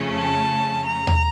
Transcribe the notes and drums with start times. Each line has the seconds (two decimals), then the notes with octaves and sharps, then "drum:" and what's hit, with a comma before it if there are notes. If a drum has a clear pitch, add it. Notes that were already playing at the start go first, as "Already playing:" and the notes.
Already playing: F2 C#3 F3 A3 C#4
0.15 A5
0.85 A#5
1.07 drum: tom D#2